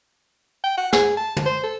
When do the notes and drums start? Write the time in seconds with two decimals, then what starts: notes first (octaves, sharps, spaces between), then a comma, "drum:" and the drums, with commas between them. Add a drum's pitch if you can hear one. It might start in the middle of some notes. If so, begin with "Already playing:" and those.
0.64 G5
0.78 F#5
0.93 G#4, drum: snare
1.17 A5
1.36 drum: tom
1.46 C5
1.64 A4